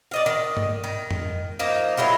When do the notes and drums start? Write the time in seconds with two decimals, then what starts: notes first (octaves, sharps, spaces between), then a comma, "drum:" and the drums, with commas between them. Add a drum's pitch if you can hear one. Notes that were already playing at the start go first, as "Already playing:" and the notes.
0.11 D5 D#5 F5
0.26 D#3
0.57 drum: tom G2
0.84 D#3
1.11 drum: tom F2
1.59 F3 A#3 D#4
1.97 F#3 G#3 E4 F4